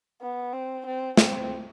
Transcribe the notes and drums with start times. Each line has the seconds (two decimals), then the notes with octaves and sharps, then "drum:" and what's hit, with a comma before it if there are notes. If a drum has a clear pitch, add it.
0.22 B3
0.53 C4
0.86 C4
1.17 C4, drum: snare